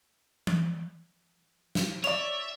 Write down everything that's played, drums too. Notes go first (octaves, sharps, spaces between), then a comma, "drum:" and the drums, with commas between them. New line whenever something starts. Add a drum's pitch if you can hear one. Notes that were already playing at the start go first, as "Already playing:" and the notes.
drum: tom E3
drum: snare
C#5 D5 E5 F7, drum: cymbal